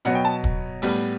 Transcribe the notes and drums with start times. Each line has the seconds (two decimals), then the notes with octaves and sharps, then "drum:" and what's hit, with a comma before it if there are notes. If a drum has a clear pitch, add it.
0.05 B2 F#3 B3 F#5, drum: hi-hat
0.15 G5
0.25 A5
0.44 drum: kick
0.82 A2 G3 B3, drum: open hi-hat